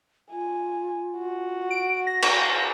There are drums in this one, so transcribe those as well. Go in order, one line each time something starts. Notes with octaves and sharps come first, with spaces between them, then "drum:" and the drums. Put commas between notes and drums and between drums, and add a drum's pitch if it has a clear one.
F4 G#5
F#4
D7
A#6
drum: cymbal